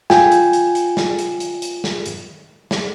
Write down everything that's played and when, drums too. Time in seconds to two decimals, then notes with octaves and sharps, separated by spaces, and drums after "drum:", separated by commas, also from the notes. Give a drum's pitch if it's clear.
0.10 F4 G5 G#5, drum: snare
0.32 drum: hi-hat
0.53 drum: hi-hat
0.75 drum: hi-hat
0.97 drum: snare
1.19 drum: hi-hat
1.40 drum: hi-hat
1.62 drum: hi-hat
1.84 drum: snare
2.06 drum: hi-hat
2.71 drum: snare